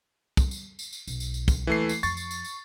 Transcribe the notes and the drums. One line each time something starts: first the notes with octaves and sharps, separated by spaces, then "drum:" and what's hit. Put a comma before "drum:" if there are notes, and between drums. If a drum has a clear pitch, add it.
drum: kick, tambourine
drum: tambourine
drum: tambourine
drum: tambourine
B1, drum: tambourine
drum: tambourine
drum: tambourine
drum: kick, tambourine
D#2 E3 A3 C7
drum: tambourine
F2 C#6 A6, drum: tambourine
drum: tambourine
drum: tambourine
drum: tambourine